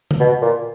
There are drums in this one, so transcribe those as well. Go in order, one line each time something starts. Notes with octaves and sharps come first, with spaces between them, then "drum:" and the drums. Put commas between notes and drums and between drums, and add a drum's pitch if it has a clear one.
drum: tom
B2
A#2